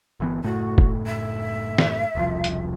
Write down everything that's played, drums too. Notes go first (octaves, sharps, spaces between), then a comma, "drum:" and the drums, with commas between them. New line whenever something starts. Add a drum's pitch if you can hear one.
G1 E3 B3
F#1 A2 A3 F#4
drum: kick
E5
drum: snare
E1 C2 F3
drum: hi-hat